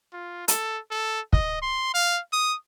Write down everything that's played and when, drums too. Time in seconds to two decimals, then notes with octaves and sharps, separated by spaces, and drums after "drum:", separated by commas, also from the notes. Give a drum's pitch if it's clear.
0.13 F4
0.48 A4, drum: hi-hat
0.91 A4
1.33 D#5, drum: kick
1.62 C6
1.94 F5
2.33 D#6